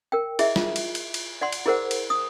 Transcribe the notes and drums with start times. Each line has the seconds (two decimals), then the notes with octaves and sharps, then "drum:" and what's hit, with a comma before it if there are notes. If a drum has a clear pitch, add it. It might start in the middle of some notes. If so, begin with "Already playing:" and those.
0.12 A#4 G5
0.39 E4 G#4 D#5 E5, drum: cymbal
0.56 F4, drum: snare
0.76 drum: cymbal
0.95 drum: cymbal
1.14 drum: cymbal
1.41 D5 F#5 C6
1.53 drum: cymbal
1.66 E4 G#4 A#4 C5 F#5
1.91 drum: cymbal
2.10 D#6